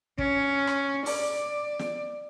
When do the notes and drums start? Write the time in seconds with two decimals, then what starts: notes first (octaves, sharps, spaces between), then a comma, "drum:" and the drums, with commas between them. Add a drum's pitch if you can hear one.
0.18 C#4, drum: kick
0.67 drum: rim click
1.06 D5, drum: open hi-hat
1.79 drum: snare